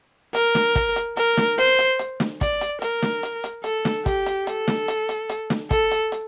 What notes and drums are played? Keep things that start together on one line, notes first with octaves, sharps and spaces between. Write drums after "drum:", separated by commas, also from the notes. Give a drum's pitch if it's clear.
A#4, drum: hi-hat
drum: snare
drum: kick, hi-hat
drum: hi-hat
A#4, drum: hi-hat
drum: snare
C5, drum: hi-hat
drum: hi-hat
drum: hi-hat
drum: snare
D5, drum: kick, hi-hat
drum: hi-hat
A#4, drum: hi-hat
drum: snare
drum: hi-hat
drum: hi-hat
A4, drum: hi-hat
drum: snare
G4, drum: kick, hi-hat
drum: hi-hat
A4, drum: hi-hat
drum: snare
drum: hi-hat
drum: hi-hat
drum: hi-hat
drum: snare
A4, drum: kick, hi-hat
drum: hi-hat
drum: hi-hat